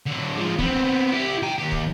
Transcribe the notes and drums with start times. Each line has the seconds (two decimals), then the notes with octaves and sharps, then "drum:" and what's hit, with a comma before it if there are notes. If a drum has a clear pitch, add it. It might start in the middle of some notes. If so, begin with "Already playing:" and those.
0.06 D3 F#3
0.37 F3 G#3
0.58 B3 C4, drum: kick
1.12 E4 G4
1.43 G5 A#5
1.59 D#2 G4
1.72 drum: kick